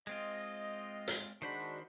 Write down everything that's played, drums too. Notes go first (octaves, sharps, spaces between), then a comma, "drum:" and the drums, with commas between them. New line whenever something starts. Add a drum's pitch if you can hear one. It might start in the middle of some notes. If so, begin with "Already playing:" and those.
G#3 C4 F4 D#5
drum: hi-hat
D#3 G#3 D4 F#4 C5 B5